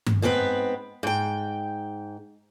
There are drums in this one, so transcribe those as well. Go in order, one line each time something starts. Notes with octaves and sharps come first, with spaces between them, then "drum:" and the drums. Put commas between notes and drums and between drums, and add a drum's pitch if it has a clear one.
drum: tom G2
G#2 B3 C4 A4 B4
G#2 G5